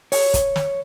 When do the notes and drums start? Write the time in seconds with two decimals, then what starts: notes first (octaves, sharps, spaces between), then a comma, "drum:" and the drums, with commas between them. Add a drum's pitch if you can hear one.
0.12 C#5, drum: open hi-hat
0.34 drum: kick, hi-hat
0.56 drum: snare